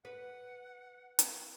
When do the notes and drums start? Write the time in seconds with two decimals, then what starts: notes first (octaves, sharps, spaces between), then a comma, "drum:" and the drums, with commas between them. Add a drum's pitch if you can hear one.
0.05 B4 F#5
1.19 drum: hi-hat